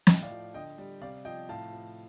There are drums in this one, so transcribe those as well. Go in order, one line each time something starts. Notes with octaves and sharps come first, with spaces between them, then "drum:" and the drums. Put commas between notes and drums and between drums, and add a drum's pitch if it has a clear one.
A2 D#5 G5, drum: snare
D5 F5
F3
D3 D#5 G5
G3
C3 D5 F5
F3 D#5 G5
A2 F5 A5
F3